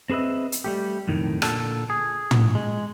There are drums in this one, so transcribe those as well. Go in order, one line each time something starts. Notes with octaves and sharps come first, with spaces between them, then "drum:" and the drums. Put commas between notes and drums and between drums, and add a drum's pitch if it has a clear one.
C4 G#4 B4 D#5 E5
drum: hi-hat
G3 A3 G4
B1 F2 A2 D#3
A#2 D3 A4, drum: rim click
G#4
drum: tom
G#3